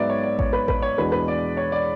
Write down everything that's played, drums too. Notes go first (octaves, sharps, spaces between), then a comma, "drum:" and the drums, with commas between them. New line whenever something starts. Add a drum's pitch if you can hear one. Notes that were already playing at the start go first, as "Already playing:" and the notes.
Already playing: G#2 F#3 B3 D5 E5
C#5
D5
C#5, drum: kick A1
B4
B4, drum: kick A1
C#5
E2 B2 G#3 D4 B4
B4
D5
C#5
D5